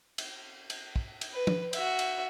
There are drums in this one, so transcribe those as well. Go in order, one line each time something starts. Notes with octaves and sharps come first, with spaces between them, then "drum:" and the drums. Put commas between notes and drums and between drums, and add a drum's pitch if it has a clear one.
drum: cymbal
drum: cymbal
drum: kick
drum: cymbal
B4
drum: tom F3
F#4 E5, drum: cymbal
drum: cymbal